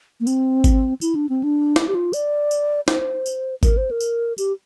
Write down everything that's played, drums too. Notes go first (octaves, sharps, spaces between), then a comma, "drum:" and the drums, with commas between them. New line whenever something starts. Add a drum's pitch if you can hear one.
A#3
C4, drum: tambourine
drum: kick G#1, tambourine
E4, drum: tambourine
D4
C4
D4
E4, drum: snare
G4
F4
D5, drum: tambourine
drum: tambourine
C5, drum: snare
drum: tambourine
A#4, drum: kick G#1, tambourine
C5
A#4
drum: tambourine
G4, drum: tambourine